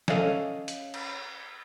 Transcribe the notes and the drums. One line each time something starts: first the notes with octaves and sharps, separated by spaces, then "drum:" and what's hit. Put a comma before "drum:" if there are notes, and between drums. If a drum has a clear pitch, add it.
C#4 A4 D#5 F5, drum: snare
drum: hi-hat
drum: cymbal